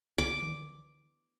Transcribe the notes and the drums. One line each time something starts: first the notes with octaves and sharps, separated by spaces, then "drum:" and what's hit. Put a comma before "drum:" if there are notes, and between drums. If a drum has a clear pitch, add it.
D6, drum: kick C#2
drum: tom D3